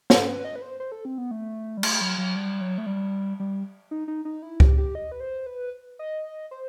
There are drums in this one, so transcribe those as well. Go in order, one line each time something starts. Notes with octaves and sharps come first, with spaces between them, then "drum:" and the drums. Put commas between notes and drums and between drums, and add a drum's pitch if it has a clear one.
A4, drum: snare
B4
D#5
B4
C5
C5
A4
C4
B3
A3
G3
A3, drum: cymbal
F#3
F#3
G3
F#3
A3
G3
G3
D#4
D#4
D#4
E4
G4, drum: kick C#2
G4
D#5
B4
C5
B4
D#5
C5